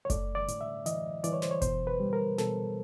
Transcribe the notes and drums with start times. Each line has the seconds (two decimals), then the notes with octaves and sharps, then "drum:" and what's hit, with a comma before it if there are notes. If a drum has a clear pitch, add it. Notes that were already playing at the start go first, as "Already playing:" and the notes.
0.05 C#5
0.10 A3 D5, drum: kick F#1, hi-hat
0.35 D5
0.48 A2, drum: hi-hat
0.61 E5
0.86 E3 D#5, drum: hi-hat
1.24 E3 D5, drum: hi-hat
1.33 C#5
1.42 C5, drum: snare
1.51 C#5
1.62 B2 C5, drum: kick F#1, hi-hat
1.87 B4
2.00 G3
2.13 A#4
2.38 B2 A4, drum: snare